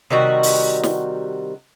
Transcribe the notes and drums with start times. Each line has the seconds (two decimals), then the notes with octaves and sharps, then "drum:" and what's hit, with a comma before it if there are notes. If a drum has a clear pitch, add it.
0.11 C3 D#3 G3 F#4
0.43 drum: open hi-hat
0.83 drum: snare